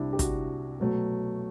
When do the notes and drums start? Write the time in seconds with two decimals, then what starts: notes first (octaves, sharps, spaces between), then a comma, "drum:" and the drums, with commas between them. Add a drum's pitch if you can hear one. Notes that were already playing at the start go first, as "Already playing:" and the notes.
Already playing: C2 C3 G3 D4 E4
0.13 G4
0.19 F#4, drum: kick, hi-hat
0.80 B2 F#3 A3